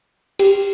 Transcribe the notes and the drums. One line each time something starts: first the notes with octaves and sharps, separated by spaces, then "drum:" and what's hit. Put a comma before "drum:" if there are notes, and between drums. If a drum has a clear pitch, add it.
G4, drum: cymbal